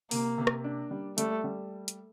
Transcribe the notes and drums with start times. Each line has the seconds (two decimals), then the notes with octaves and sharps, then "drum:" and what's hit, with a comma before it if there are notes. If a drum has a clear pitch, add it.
0.11 C3 A#3, drum: open hi-hat
0.38 C3
0.47 drum: rim click
0.64 D4
0.91 G3
1.18 G3 A3, drum: hi-hat
1.44 G3
1.88 drum: hi-hat